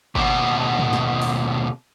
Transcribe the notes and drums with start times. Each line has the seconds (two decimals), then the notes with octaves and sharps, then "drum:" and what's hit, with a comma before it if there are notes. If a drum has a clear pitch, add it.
0.15 D#2 B2, drum: kick G1
0.79 drum: tom
0.93 drum: snare
1.21 drum: open hi-hat